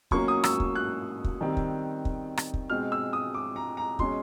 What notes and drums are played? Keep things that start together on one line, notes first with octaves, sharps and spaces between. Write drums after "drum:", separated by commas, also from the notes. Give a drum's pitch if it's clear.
B2 F#3 A#3 C#4 C#6, drum: kick
D#6
E6, drum: rim click
drum: kick
F#6
drum: kick
D#3 G3 C4
drum: kick
drum: kick
drum: rim click
drum: kick
B2 G#3 C4 F6
E6
D#6
D6
A#5
A#5
B2 G#3 C#4 C6, drum: kick